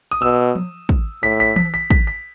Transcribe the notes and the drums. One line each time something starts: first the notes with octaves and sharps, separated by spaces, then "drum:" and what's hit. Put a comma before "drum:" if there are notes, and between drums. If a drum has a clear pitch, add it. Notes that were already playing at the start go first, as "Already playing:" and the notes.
D#6
B2 E6
drum: tom F3
drum: kick
A2 B6
B6
B6, drum: tom E3
B6
B6, drum: kick
B6